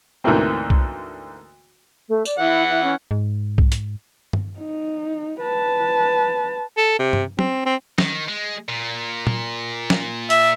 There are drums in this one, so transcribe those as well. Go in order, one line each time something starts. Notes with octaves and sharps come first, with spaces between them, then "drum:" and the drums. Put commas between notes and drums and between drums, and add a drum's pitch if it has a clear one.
D2 G#2 E3 A3 A#3 C4
drum: kick B1
A3
D5, drum: tambourine
E3 E4 F#5
E4
C#4
G#2
drum: kick B1
drum: hi-hat
drum: tom G2
D#4
B4 A5
A4
C3
drum: tom G2
C4, drum: tom
C4
D#3, drum: snare
G#3
A#2
drum: tom A#2
drum: snare
E5, drum: hi-hat